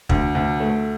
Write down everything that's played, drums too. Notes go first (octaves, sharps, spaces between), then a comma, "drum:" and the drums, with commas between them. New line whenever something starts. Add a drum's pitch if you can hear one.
D2, drum: kick
D2
A3